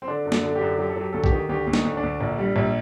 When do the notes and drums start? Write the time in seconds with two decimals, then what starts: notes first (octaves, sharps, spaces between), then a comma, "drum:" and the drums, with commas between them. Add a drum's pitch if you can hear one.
0.02 C4
0.08 D3 D4
0.26 F#2
0.32 D4, drum: snare
0.43 D3
0.55 G4
0.61 F#2
0.78 F#3 G4
0.90 A4
0.96 F#3 G4
1.13 D2 A4
1.24 G4, drum: kick
1.32 D#3
1.49 D2 G4
1.67 D2
1.73 D#4, drum: snare
1.85 D2
1.97 D4
2.03 D2
2.21 A#1
2.38 G3
2.56 A#1